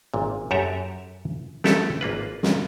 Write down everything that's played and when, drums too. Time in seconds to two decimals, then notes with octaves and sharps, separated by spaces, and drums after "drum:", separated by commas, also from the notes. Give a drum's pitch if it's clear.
0.14 G#1 A#2
0.51 F#2 F#4 G4 A4 E5 A#5
1.64 A3 B3 E4 G4 A4, drum: snare
2.01 G#1 A#3 F4 B4
2.43 drum: snare